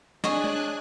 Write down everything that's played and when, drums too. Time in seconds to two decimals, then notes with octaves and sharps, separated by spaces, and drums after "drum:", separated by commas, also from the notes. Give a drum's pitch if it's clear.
0.24 D4 G#4 C#5 D#5 G#5 F#6, drum: snare
0.44 drum: tom